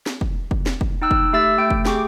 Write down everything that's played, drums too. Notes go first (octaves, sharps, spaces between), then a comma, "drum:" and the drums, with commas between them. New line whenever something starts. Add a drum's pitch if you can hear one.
drum: snare
drum: kick
drum: kick
drum: snare
drum: kick
D#4 G5 E6 F#6
drum: kick
A3 G4 E5 E6 A6
A3 G5 D7
drum: kick
A3 G4 G#4 G5 C#6 D6, drum: snare